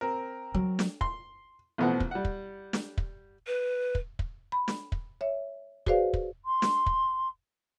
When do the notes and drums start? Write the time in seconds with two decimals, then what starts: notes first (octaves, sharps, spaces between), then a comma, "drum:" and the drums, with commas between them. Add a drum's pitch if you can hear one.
0.01 C4 A#4
0.54 F#3
0.79 drum: snare
1.01 C6, drum: kick
1.78 A1 B2 F3 B3 C4 F#5
2.00 drum: kick
2.11 G3 F#5
2.25 drum: kick
2.73 drum: snare
2.97 drum: kick
3.47 B4
3.95 drum: kick
4.19 drum: kick
4.52 B5
4.68 drum: snare
4.92 drum: kick
5.21 C#5 E5
5.86 F#4 G#4 B4 C5 D5 F5, drum: kick
6.13 drum: kick
6.45 C6
6.62 drum: snare
6.86 drum: kick